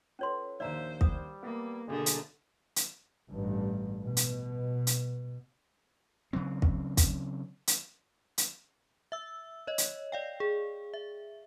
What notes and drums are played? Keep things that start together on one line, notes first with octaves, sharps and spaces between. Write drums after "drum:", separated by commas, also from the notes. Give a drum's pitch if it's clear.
C#4 F4 A4 B4 C#5 C6
A#1 D#2 C5 D5 E5 A#5
G3 D#6, drum: kick
A#3 B3
G1 B2 D3 A3 A#3 G#4
drum: hi-hat
drum: hi-hat
A1 G2
B2
drum: hi-hat
drum: hi-hat
C#3 F#3 C4
drum: kick
drum: kick, hi-hat
drum: hi-hat
drum: hi-hat
E5 E6
C#5 D#5
drum: hi-hat
D5 F5 G5
G#4
E5